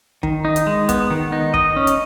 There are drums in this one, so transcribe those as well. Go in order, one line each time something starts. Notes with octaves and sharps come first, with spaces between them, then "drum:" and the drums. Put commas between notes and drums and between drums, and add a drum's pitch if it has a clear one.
D#3, drum: kick
D#4
drum: hi-hat
G#3
B3, drum: kick, hi-hat
D#3
D#4
D#5, drum: kick
C#4
drum: hi-hat